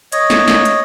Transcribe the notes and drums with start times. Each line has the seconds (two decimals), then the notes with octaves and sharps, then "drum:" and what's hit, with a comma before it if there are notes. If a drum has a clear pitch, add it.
0.12 C#5 D#5, drum: hi-hat
0.30 drum: snare
0.48 drum: snare
0.65 drum: hi-hat